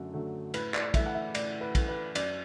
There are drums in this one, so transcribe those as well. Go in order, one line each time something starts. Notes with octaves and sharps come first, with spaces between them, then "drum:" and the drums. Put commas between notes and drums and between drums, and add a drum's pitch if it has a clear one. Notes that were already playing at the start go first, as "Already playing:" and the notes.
Already playing: F#2 D3 F#3 A3
D3 F#3 A3
A2 B4, drum: cymbal
D5, drum: clap
E3 A3 E5, drum: kick, cymbal
F#5
E5
A2 D5, drum: cymbal
B4
E3 A3, drum: kick, cymbal
B4
F#2 D5, drum: cymbal